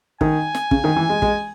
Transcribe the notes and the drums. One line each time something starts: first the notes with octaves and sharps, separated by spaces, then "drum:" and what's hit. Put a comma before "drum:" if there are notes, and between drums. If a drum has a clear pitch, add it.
D#3 G#5, drum: kick
drum: snare
C#3, drum: kick
D#3
E3
G#3
G#3, drum: kick